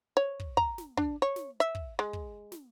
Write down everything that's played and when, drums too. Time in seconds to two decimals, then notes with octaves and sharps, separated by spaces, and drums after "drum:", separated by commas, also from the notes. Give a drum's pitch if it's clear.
0.17 C#5
0.40 drum: kick
0.57 A#5, drum: kick
0.78 drum: snare
0.97 D4, drum: kick
1.22 C#5
1.36 drum: snare
1.60 E5
1.75 drum: kick
1.99 G#3
2.13 drum: kick
2.52 drum: snare